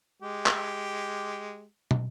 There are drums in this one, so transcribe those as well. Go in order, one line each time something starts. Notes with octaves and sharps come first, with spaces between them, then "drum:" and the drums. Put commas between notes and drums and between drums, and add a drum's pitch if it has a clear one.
G#3 G4
drum: clap
drum: tom